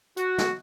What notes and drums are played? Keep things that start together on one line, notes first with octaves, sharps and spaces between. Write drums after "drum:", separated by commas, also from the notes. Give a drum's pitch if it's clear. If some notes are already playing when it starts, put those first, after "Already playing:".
F#4, drum: hi-hat
drum: snare